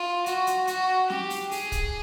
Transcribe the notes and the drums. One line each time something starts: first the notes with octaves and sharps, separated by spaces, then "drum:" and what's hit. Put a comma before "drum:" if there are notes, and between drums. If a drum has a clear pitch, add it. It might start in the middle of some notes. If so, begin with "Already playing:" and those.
Already playing: F4
F#4, drum: hi-hat
drum: hi-hat
F#4, drum: hi-hat
G4, drum: snare
drum: open hi-hat
G#4, drum: open hi-hat
drum: kick, hi-hat